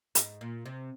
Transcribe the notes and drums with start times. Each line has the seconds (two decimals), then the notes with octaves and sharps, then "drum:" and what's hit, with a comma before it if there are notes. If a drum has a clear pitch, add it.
0.15 G#2, drum: hi-hat
0.41 A#2
0.66 C3